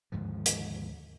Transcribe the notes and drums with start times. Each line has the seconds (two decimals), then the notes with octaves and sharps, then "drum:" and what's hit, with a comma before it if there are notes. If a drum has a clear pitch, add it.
0.12 D#2 G#2 D3 F3
0.46 drum: hi-hat